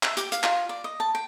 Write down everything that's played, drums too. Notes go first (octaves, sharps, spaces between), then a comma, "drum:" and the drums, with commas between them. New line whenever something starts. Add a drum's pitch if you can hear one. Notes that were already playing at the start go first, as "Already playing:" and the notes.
E5, drum: clap
G4, drum: hi-hat
F5, drum: hi-hat
F4, drum: clap
D5
D#5
A5
G5